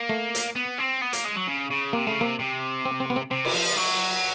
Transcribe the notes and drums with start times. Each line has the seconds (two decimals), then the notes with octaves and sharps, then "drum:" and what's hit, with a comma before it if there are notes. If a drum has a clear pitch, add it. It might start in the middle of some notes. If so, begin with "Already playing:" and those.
Already playing: A#3
0.09 A3
0.35 drum: hi-hat
0.56 B3
0.78 C4
1.01 B3
1.13 A#3, drum: hi-hat
1.24 G#3
1.36 F#3
1.47 C#3
1.70 C#3
1.93 C3 A#3
2.07 C#3 A3
2.21 C3 A#3
2.39 C3
2.85 C4
3.00 C4
3.10 B3
3.16 C4
3.31 C3 C4
3.45 drum: cymbal
3.55 F3
3.77 F#3